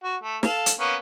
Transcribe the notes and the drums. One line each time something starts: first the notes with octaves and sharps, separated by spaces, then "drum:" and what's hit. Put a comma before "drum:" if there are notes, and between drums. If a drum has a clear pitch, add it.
F#4
A3
A4 F5, drum: snare
drum: hi-hat
A#3 B3 C#4